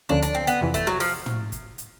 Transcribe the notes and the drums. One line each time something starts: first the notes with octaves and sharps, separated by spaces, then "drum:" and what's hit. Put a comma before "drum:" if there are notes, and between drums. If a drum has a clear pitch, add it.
D2 D3 F3 A#3 C#4 D4
D4, drum: hi-hat
C4
B3, drum: hi-hat
F2 C3 E3
A3, drum: kick, hi-hat
F#3, drum: snare
F3, drum: open hi-hat
drum: tom
drum: kick, hi-hat
drum: hi-hat